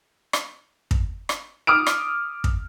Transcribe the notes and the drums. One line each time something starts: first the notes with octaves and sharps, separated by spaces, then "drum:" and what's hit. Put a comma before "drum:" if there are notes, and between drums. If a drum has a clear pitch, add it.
drum: rim click
drum: kick
drum: rim click
D6 D#6 F6 D7
drum: rim click
drum: kick